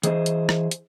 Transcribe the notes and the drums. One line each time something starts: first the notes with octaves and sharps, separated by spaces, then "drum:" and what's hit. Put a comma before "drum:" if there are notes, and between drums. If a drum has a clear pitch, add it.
E3 G#4 C5 D#5, drum: hi-hat
drum: hi-hat
drum: rim click
drum: hi-hat